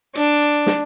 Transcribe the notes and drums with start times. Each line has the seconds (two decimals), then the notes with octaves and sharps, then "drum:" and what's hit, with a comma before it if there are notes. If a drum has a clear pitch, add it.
0.15 D4, drum: hi-hat
0.66 drum: snare